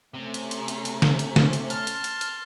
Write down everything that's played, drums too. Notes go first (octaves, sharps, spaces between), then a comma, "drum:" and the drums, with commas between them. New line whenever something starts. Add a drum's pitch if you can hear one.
C3 A3 C#4
drum: hi-hat
drum: hi-hat
drum: hi-hat
drum: hi-hat
drum: snare
drum: hi-hat
drum: snare
drum: hi-hat
A5 C6 F6, drum: hi-hat
drum: hi-hat
drum: hi-hat
drum: hi-hat